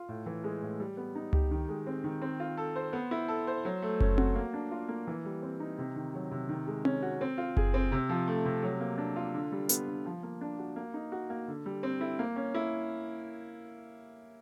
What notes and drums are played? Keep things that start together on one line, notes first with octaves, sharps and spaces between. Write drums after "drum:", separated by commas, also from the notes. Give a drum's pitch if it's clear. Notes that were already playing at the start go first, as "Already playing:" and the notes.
Already playing: F4
A2
E3
G#3
A2
G3
B3
D#4
G4, drum: tom C#2
D#3
G#3
C4
D#3
C4
F4
A4
C5
B3
E4
A4
C5
F#3
A3
C#4, drum: kick F#1
F#4, drum: tom C4
A#3
D4
F4
A#3
E3
G3
C4
D#4
C3
D#3
F#3
C3
D#3
G#3
C#4, drum: tom C4
F#4
C4
F4
G#4, drum: kick F#1
C4
C3
F3
A3
C3
F#3
A#3
D4
F4
D3
G3
B3, drum: hi-hat
D3
F3
A#3
D4
F#4
A#3
D#4
F#4
A#3
D3
G3
C4
E4
A#3
C#4
E4